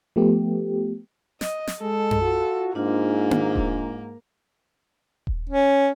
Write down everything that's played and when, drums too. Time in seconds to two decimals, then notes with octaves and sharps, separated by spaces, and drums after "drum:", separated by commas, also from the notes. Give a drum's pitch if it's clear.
0.16 F3 A3 B3 G4
1.41 D#5, drum: snare
1.67 drum: snare
1.81 G#3 A4
2.11 drum: tom F#2
2.21 F4 F#4
2.75 G#2 A#3 D4 F4
3.31 drum: tom A#3
3.55 drum: kick D#1
5.27 drum: kick D#1
5.49 C#4